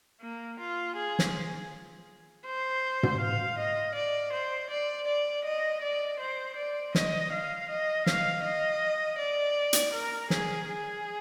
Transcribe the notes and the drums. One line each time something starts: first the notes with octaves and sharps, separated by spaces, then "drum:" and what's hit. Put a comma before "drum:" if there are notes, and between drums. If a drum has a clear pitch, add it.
A#3
F4
G#4
drum: snare
C5
drum: tom
F5
D#5
D5
C5
D5
D5
D#5
D5
C5
D5
D#5, drum: snare
F5
D#5
F5, drum: snare
D#5
D5
drum: hi-hat
A#4
G#4, drum: snare
G#4